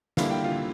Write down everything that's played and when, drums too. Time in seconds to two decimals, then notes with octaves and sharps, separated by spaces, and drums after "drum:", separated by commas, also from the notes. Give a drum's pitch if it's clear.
0.17 D3 G3 A#3 E4 F5, drum: snare
0.31 G5
0.44 F4 F5